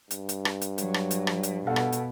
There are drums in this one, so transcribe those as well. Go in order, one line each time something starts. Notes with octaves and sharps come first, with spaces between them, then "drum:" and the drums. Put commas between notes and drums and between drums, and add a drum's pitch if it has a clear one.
G2, drum: hi-hat
drum: hi-hat
drum: rim click
drum: hi-hat
F#3, drum: hi-hat
drum: rim click
drum: hi-hat
drum: rim click
drum: hi-hat
B2 A4 F5 F#5
drum: rim click
drum: hi-hat